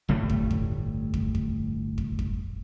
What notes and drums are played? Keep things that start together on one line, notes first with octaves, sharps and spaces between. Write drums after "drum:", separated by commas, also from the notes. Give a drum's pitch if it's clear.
G1 A2 G3 A3
drum: kick
drum: kick
drum: kick
drum: kick
drum: kick
drum: kick